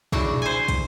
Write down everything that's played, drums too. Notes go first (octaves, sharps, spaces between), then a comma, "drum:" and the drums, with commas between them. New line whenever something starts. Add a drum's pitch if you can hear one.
C#3 D4 E4 F#4, drum: kick
drum: tom A#2
C5 G#5
drum: kick, hi-hat